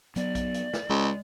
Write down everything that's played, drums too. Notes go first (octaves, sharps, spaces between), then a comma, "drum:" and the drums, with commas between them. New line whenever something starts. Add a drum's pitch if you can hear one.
F#3 B3 D5, drum: hi-hat
drum: kick A#1, hi-hat
drum: hi-hat
drum: snare
C#2 G#3